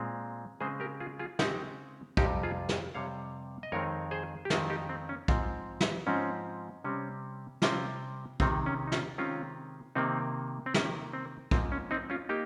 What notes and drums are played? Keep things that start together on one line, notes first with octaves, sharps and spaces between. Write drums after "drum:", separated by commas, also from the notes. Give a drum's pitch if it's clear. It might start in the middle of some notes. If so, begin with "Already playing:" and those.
Already playing: A#2 G#3 C4
C#3 G#3 C4 G#4 C5
G4 A#4
F4 G#4
F4 G#4
C#3 G#3 C4 D#4 G4, drum: snare
F2 C3 G3 D#4 G4, drum: kick
F4 G#4
drum: snare
F2 C3 G3 C#5 F5
D#5
F2 D#3 G#3 C4 A#4 C#5
G#4 C5
G4
F2 D#3 G#3 C4 F4 G#4, drum: snare
D#4 G4
C4
C#4
G#2 F3 C4, drum: kick
drum: snare
G#2 F3 C4 C#4
C3 G3 C4 C#4
C3 G3 C4 C#4 F4, drum: snare
C3 D#3 G#3 C4 D#4, drum: kick
C#4
D#4
C#4 F4, drum: snare
C3 D#3 G#3 C4 C#4 F4
C3 D#3 A#3 C4 D#4
C4
C3 D#3 A#3 C#4, drum: snare
C4
G#2 F3 A#3 C4, drum: kick
C#4
C4 D#4
C#4 F4
A#3 D#4 G4